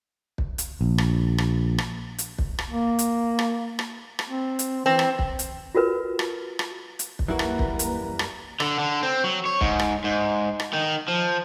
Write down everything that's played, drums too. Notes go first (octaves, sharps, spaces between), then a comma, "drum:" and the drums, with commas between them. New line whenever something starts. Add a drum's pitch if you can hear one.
drum: kick
drum: hi-hat
A#1
drum: rim click
drum: rim click
drum: rim click
drum: hi-hat
drum: kick
drum: rim click
A#3
drum: hi-hat
drum: rim click
drum: rim click
drum: rim click
C4
drum: hi-hat
E3 C4
drum: rim click
drum: kick
drum: hi-hat
F4 F#4 A#4 B4
drum: rim click
drum: rim click
drum: hi-hat
drum: kick
F#2 E3 G3 A#3 F#4 A#4 B4 A#5
drum: rim click
drum: kick
drum: hi-hat
drum: rim click
D3, drum: rim click
D3
C4
F#3
C#5
G#2, drum: kick
drum: rim click
G#2
drum: rim click
D#3
F3